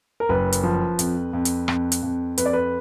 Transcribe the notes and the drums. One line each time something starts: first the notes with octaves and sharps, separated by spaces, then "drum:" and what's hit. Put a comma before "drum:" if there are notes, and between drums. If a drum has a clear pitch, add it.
A#4
F#1 B4
drum: hi-hat
F3
F2, drum: hi-hat
F2
drum: hi-hat
F2, drum: rim click
drum: hi-hat
F2
F2 B4, drum: hi-hat
D5
B4